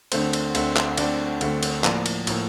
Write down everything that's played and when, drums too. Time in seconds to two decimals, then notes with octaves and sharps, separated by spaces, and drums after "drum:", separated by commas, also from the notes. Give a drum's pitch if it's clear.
0.12 D2 D3 A3 C4 C5, drum: cymbal
0.33 drum: cymbal
0.55 D2 D3 A3 C4, drum: cymbal
0.76 drum: clap
0.98 D2 D3 A3 C4 D5, drum: cymbal
1.41 D2 D3 A3 C4, drum: cymbal
1.63 drum: cymbal
1.84 A2 F3 A#3 D5, drum: clap
2.06 drum: cymbal
2.27 A2 F3 A#3, drum: cymbal